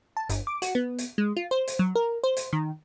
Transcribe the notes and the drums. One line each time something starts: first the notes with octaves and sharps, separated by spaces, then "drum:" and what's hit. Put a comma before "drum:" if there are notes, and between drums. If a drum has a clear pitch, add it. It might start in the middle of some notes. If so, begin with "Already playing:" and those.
A5
G1, drum: hi-hat
D6
F#4, drum: hi-hat
B3
drum: hi-hat
G#3
F4
C5
drum: hi-hat
F#3
A#4
C5
drum: hi-hat
D#3